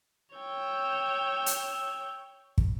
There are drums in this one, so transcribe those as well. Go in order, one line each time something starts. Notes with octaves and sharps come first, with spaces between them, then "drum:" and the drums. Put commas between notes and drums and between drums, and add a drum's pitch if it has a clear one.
C#5 G5 E6
drum: hi-hat
drum: kick